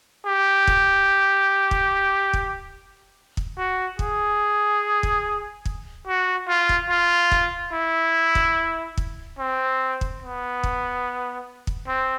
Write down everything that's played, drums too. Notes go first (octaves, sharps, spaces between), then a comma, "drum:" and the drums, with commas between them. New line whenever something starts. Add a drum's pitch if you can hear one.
G4
drum: kick
drum: kick
drum: kick
drum: kick
F#4
G#4, drum: kick
drum: kick
drum: kick
F#4
F4
drum: kick
F4
drum: kick
E4
drum: kick
drum: kick
C4
drum: kick
B3
drum: kick
drum: kick
C4